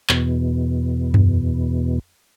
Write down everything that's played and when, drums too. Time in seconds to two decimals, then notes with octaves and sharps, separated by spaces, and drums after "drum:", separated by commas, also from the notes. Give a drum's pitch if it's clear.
0.09 E2 B2, drum: clap
1.14 drum: tom F#2